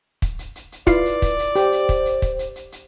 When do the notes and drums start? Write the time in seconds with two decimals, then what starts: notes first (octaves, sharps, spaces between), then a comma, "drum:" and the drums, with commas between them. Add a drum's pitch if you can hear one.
0.22 drum: kick, hi-hat
0.39 drum: hi-hat
0.56 drum: hi-hat
0.72 drum: hi-hat
0.87 E4 F4 B4 D5 C7, drum: kick, hi-hat
1.06 drum: hi-hat
1.22 drum: kick, hi-hat
1.39 drum: hi-hat
1.56 G4 C5, drum: hi-hat
1.72 drum: hi-hat
1.89 drum: kick, hi-hat
2.06 drum: hi-hat
2.22 drum: kick, hi-hat
2.39 drum: hi-hat
2.56 drum: hi-hat
2.72 drum: hi-hat